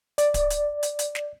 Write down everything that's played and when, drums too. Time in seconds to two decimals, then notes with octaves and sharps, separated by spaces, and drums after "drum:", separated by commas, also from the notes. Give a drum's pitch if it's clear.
0.18 D5, drum: hi-hat
0.34 drum: kick D1, hi-hat
0.50 drum: hi-hat
0.83 drum: hi-hat
0.99 drum: hi-hat
1.15 drum: snare